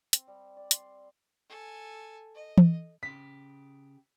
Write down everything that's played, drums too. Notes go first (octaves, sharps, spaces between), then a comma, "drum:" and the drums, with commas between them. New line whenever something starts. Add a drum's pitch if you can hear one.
C4, drum: hi-hat
G3
D5
C6, drum: hi-hat
A4 G#5
D#5
drum: tom E3
C#3 G4 B6